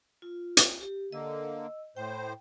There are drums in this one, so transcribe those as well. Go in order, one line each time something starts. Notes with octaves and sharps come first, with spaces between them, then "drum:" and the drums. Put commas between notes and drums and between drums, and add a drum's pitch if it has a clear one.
F4
drum: hi-hat
G4
D3 A#3 D#5 E6
A2 C5 G5